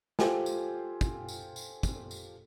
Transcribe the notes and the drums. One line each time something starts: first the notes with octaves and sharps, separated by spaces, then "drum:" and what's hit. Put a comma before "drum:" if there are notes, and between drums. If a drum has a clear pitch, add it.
F4 G4 A4 C5 G5 G#5, drum: snare
drum: tambourine
drum: kick, tambourine
drum: tambourine
drum: tambourine
drum: kick, tambourine
drum: tambourine